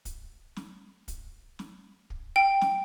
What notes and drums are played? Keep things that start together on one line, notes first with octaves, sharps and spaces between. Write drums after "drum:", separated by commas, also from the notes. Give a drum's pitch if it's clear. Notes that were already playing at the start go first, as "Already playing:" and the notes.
drum: kick, hi-hat
drum: snare
drum: kick, hi-hat
drum: snare
drum: kick
G5
drum: snare